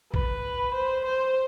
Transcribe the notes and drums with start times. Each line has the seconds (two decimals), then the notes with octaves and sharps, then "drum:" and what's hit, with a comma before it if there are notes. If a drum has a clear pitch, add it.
0.14 B4, drum: kick A#1
0.74 C5
1.05 C5